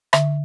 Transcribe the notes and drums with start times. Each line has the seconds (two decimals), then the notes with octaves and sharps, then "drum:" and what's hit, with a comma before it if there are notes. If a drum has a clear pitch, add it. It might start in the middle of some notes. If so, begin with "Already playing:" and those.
0.13 D3 E5, drum: rim click